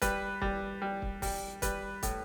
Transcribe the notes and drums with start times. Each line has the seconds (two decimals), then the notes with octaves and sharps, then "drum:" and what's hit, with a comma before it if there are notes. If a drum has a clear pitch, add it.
0.02 G3 B4, drum: kick, hi-hat
0.42 G3, drum: kick
0.82 G3
1.02 drum: kick
1.22 G3, drum: kick, open hi-hat
1.62 G3 B4, drum: kick, hi-hat
2.03 A2, drum: kick, hi-hat